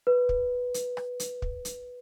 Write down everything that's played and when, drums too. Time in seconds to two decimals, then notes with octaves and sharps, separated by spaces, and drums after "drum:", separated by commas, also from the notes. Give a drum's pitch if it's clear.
0.07 B4
0.29 drum: kick
0.74 drum: hi-hat
0.97 drum: rim click
1.20 drum: hi-hat
1.42 drum: kick
1.65 drum: hi-hat